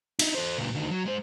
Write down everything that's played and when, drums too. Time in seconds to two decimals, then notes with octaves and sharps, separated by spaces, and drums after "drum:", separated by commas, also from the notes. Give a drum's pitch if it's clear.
0.19 D#4 E4, drum: cymbal
0.35 A4 C5
0.58 C#2 A#2
0.75 D2 D#3
0.91 F#3
1.06 G#3 C5